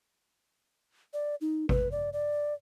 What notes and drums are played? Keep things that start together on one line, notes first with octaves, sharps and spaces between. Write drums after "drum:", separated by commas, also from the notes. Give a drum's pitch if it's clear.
D5
D#4
B4, drum: kick G#1
D5
D5